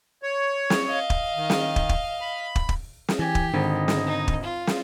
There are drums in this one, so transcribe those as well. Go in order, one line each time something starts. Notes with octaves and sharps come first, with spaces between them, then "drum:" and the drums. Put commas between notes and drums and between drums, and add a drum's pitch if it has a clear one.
C#5
drum: snare
D#5 F5
drum: kick
D#3
drum: snare
drum: kick
drum: kick
B5
drum: kick
drum: kick
drum: snare
E3 G4 G#5
drum: kick
G#1 D3 D#5
drum: snare
D#4
drum: kick
F4
drum: snare